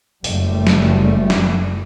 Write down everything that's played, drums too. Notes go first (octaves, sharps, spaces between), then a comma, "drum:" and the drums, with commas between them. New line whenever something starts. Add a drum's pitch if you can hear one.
F#1 G3 A3, drum: open hi-hat
drum: snare
drum: snare